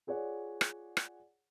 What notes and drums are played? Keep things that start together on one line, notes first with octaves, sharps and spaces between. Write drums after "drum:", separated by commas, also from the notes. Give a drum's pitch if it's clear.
F4 G#4 C#5 D5 F#5
drum: rim click
drum: rim click